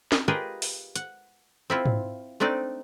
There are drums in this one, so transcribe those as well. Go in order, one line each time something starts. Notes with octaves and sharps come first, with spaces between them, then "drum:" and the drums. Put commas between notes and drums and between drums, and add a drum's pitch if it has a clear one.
drum: snare
F4 G4 G#4 A#4 B4 D#5
drum: open hi-hat
F#5, drum: hi-hat
C4 E4 F4
drum: tom G#2
A3 C4 D4 D#4 D5